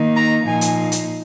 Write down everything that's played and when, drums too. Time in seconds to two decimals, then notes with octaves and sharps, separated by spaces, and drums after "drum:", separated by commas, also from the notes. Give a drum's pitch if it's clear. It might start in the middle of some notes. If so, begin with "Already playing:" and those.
Already playing: D#3 A#3 D#4
0.16 A#5
0.46 A#2 F3 A#3 D#4 G#5
0.61 drum: hi-hat
0.92 drum: hi-hat